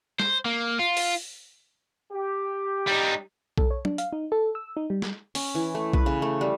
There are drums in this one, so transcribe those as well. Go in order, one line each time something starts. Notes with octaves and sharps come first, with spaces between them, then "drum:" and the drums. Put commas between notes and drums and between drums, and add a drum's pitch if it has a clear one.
C5, drum: snare
A#3
F4
drum: open hi-hat
G4
G3 D#4
A4, drum: kick B1
C#5
D4, drum: tom
F5, drum: hi-hat
D#4
A4
E6
D#4
G3
drum: snare
C#4, drum: open hi-hat
E3
A3
B4, drum: kick B1
C#3
A3
G3